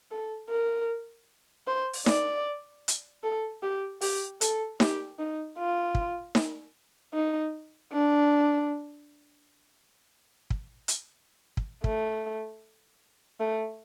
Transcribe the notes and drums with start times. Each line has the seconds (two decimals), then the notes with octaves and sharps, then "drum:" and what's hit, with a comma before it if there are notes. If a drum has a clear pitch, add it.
0.11 A4
0.49 A#4
1.67 C5
1.93 drum: open hi-hat
2.06 D5, drum: snare D#4
2.88 drum: hi-hat
3.23 A4
3.63 G4
4.01 G4, drum: open hi-hat
4.41 A4, drum: hi-hat
4.80 G4, drum: snare D#4
5.19 D#4
5.58 F4
5.95 drum: kick
6.35 drum: snare D#4
7.14 D#4
7.93 D4
10.50 drum: kick
10.88 drum: hi-hat
11.57 drum: kick
11.84 A3, drum: kick
13.40 A3